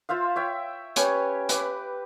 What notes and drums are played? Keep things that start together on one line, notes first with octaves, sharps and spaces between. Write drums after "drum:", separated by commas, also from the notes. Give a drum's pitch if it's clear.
F4 C5 E5 F5
C#5 E5 G5
C#4 G4 B4 C#5, drum: hi-hat
B4 D6, drum: hi-hat